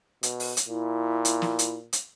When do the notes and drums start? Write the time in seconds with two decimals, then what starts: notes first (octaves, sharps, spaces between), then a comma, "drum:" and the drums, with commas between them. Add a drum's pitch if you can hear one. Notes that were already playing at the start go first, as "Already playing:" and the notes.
0.23 B2, drum: hi-hat
0.40 drum: open hi-hat
0.57 drum: hi-hat
0.68 A#2 E4
1.25 drum: hi-hat
1.42 drum: snare
1.59 drum: hi-hat
1.93 drum: hi-hat